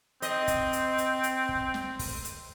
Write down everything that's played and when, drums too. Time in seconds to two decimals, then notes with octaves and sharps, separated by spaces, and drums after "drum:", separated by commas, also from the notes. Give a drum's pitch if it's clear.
0.22 C4 D#5, drum: hi-hat
0.48 drum: kick, hi-hat
0.73 drum: hi-hat
0.98 drum: hi-hat
1.23 drum: hi-hat
1.49 drum: kick
1.74 drum: snare
1.99 drum: kick, open hi-hat
2.25 drum: hi-hat